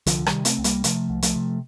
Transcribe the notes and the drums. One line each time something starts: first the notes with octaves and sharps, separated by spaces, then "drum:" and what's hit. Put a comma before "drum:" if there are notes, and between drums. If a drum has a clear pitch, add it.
C2 D3 F3, drum: hi-hat
D#3 G3, drum: rim click
C3
A3 C4, drum: hi-hat
C2
G3 A#3, drum: hi-hat
C3 F3 A3, drum: hi-hat
C2
F3 A3, drum: hi-hat
C3